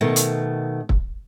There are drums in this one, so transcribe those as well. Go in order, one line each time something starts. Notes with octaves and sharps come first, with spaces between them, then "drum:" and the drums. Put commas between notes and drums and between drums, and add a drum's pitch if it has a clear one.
B2 D#3 A3
drum: hi-hat
drum: kick